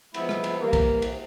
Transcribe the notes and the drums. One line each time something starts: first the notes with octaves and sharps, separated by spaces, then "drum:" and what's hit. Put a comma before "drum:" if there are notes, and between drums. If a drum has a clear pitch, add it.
F3 G#3 B3 E4, drum: cymbal
drum: rim click
drum: cymbal
E3 G3 A#3
drum: kick A#1, cymbal
drum: cymbal